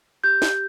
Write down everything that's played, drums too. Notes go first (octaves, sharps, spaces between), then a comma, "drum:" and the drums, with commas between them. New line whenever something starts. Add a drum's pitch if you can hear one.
G4 G6
G4, drum: snare